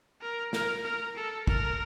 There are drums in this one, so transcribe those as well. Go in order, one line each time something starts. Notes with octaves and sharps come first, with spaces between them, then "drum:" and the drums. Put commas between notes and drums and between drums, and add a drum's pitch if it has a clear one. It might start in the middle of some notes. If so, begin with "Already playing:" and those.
A#4
A#4, drum: snare
A#4
A4
A#4, drum: kick